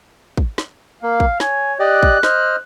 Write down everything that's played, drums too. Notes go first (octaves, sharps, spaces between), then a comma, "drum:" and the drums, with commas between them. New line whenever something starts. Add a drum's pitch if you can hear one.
drum: kick
drum: snare
A#3 F5
drum: kick
C#5 G#5, drum: snare
G4 D5 D#5 F#6
drum: kick
C5 D#5 F6, drum: snare